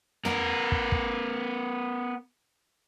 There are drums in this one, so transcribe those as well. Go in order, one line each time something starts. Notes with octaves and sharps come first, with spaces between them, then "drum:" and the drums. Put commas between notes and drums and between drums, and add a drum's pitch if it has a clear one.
B3 A#4, drum: tom
drum: kick
drum: kick